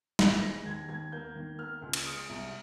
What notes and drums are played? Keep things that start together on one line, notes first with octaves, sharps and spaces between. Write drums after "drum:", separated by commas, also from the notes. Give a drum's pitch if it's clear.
D#2 A#6, drum: snare
G#3 A#6
D#2 G#6
D#2 G#6
A#3 G6
D#3
A#3 F6
C#2
drum: cymbal
G#3 D#6
C2